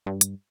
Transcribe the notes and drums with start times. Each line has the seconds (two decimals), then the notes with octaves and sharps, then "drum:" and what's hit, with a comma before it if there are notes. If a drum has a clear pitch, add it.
0.06 G2
0.21 drum: hi-hat